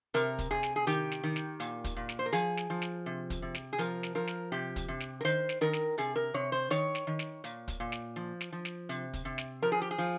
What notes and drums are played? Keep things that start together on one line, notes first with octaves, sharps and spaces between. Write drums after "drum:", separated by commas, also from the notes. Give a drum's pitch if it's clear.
C3 A#4, drum: hi-hat
drum: kick, hi-hat
C3 G#4
drum: snare
G#4
D#3 G4, drum: hi-hat
drum: snare
D#3
drum: snare
A#2, drum: hi-hat
drum: kick, hi-hat
A#2
drum: snare
C5
A#4
F3 G#4, drum: hi-hat
drum: snare
F3
drum: snare
C3
drum: kick, hi-hat
C3
drum: snare
G#4
F3 A#4, drum: hi-hat
drum: snare
F3 A#4
drum: snare
C3 G4
drum: kick, hi-hat
C3
drum: snare
A#4
D#3 C5, drum: hi-hat
drum: snare
D#3 A#4
drum: snare
C3 G#4, drum: hi-hat
A#4
C3 C#5
C5
D#3 C#5, drum: hi-hat
drum: snare
D#3
drum: snare
A#2, drum: hi-hat
drum: kick, hi-hat
A#2
drum: snare
F3
drum: snare
F3
drum: snare
C3, drum: hi-hat
drum: kick, hi-hat
C3
drum: snare
F3 A#4
G#4
G4
G#4
F3